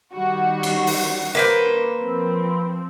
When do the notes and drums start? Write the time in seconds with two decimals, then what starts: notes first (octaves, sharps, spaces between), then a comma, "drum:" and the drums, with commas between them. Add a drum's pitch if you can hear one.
0.13 D#3 G3 F#4
0.63 drum: cymbal
0.87 drum: open hi-hat
1.35 A#3 B4 C5
2.00 F3 C4